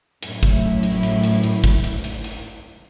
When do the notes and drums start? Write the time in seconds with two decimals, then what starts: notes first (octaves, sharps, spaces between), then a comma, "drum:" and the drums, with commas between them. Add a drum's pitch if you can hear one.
0.23 F#2 A2 E4, drum: hi-hat
0.43 drum: kick G#1, hi-hat
0.83 drum: hi-hat
1.03 drum: hi-hat
1.23 drum: hi-hat
1.44 drum: hi-hat
1.64 drum: kick G#1, hi-hat
1.84 drum: hi-hat
2.04 drum: hi-hat
2.24 drum: hi-hat